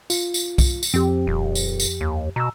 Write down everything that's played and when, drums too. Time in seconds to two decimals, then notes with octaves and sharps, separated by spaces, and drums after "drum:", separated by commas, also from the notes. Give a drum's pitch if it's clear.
0.10 F4, drum: tambourine
0.34 drum: tambourine
0.58 drum: kick, tambourine
0.83 drum: tambourine
0.94 F2 C4 G4
1.27 D#1
1.55 drum: tambourine
1.80 drum: tambourine
2.01 D#2
2.36 B2 A#5 E6